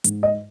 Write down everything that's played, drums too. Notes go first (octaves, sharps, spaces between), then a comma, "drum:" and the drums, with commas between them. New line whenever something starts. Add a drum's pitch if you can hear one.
G#2, drum: hi-hat
D#5